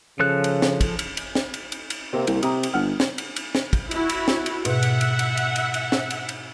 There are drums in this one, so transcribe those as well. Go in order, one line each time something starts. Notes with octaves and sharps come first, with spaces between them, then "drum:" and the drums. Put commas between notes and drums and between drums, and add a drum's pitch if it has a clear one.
C#3 F3 A4 F#6
drum: cymbal
drum: snare
drum: kick, cymbal
drum: cymbal
drum: cymbal
drum: snare
drum: cymbal
drum: cymbal
drum: cymbal
C3 A#3 C4
C2, drum: cymbal
C3 A#5 D#6, drum: cymbal
drum: cymbal
G1 F#5 F6
drum: snare
drum: cymbal
drum: cymbal
drum: snare
drum: kick, cymbal
E4 F#4, drum: cymbal
drum: cymbal
drum: snare
drum: cymbal
G#2 B2 E5 F#5, drum: cymbal
drum: cymbal
drum: cymbal
drum: cymbal
drum: cymbal
drum: cymbal
drum: cymbal
drum: snare
drum: cymbal
drum: cymbal